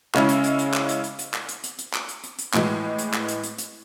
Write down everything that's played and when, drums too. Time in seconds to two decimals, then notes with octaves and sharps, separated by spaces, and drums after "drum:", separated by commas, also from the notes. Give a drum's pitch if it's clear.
0.14 C#3 G#3 C#4 E4, drum: clap
0.29 drum: hi-hat
0.44 drum: hi-hat
0.59 drum: hi-hat
0.74 drum: clap
0.89 drum: hi-hat
1.04 drum: hi-hat
1.19 drum: hi-hat
1.34 drum: clap
1.49 drum: hi-hat
1.64 drum: hi-hat
1.79 drum: hi-hat
1.94 drum: clap
2.09 drum: hi-hat
2.24 drum: hi-hat
2.39 drum: hi-hat
2.54 A2 E3 G#3, drum: clap
2.99 drum: hi-hat
3.13 drum: clap
3.28 drum: hi-hat
3.43 drum: hi-hat
3.58 drum: hi-hat